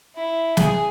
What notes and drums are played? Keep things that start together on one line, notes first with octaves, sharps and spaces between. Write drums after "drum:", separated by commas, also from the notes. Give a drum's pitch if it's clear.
E4
G#4, drum: snare